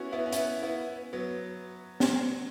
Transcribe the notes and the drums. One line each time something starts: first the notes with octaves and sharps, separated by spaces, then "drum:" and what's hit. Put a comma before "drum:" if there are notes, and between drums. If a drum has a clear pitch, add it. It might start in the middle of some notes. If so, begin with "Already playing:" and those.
Already playing: B3 C#4 E4 F#4
B3 E4
C#4
B3 E4, drum: hi-hat
B3 E4
F#3 B3
drum: snare